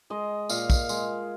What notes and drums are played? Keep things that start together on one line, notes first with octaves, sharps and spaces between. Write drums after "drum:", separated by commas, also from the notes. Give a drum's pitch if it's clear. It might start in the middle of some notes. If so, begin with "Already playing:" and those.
G#3 D#5
A#2 F5, drum: tambourine
drum: kick, tambourine
G#3, drum: tambourine